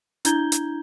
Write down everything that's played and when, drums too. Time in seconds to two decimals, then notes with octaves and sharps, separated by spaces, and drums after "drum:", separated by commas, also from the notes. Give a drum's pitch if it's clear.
0.25 D4 E4 A#5 G6 G#6 G7, drum: hi-hat
0.52 drum: hi-hat